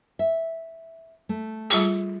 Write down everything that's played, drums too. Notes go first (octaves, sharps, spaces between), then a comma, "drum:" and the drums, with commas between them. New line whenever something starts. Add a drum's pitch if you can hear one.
E5
A3
G3 F4 G#4, drum: open hi-hat